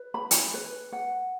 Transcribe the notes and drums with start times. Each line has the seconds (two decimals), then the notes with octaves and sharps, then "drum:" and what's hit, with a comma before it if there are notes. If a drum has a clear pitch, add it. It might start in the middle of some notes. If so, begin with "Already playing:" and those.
Already playing: B4
0.14 B5
0.31 drum: hi-hat
0.54 B4
0.92 F#5